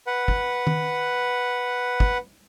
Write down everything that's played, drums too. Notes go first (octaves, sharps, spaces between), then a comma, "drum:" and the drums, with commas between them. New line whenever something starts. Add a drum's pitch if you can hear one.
B4 F#5
drum: kick
drum: tom D#3
drum: kick